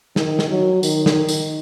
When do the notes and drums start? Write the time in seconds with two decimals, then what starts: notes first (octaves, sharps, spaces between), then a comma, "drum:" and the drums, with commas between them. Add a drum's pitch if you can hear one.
0.16 D#3, drum: snare
0.39 drum: snare
0.50 F#3
0.83 D#3, drum: tambourine
1.06 drum: snare
1.29 drum: tambourine